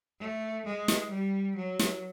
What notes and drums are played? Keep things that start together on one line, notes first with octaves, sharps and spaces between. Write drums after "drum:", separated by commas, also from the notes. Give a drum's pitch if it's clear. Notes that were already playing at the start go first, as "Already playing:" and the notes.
A3
G#3
drum: snare
G3
F#3
drum: snare